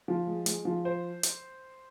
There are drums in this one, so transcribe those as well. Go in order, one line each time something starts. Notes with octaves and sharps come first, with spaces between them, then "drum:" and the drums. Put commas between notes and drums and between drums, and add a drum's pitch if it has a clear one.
F3
G#3
G#3, drum: hi-hat
F3
C5
drum: hi-hat